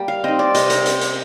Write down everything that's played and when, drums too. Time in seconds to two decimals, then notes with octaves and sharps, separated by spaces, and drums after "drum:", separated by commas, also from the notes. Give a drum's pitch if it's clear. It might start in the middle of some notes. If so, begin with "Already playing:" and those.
Already playing: G3 A#3
0.08 F5
0.24 C4 D#4 D#5
0.39 D5
0.55 C3 D#5, drum: hi-hat
0.70 A#5, drum: hi-hat
0.86 drum: hi-hat
1.01 drum: hi-hat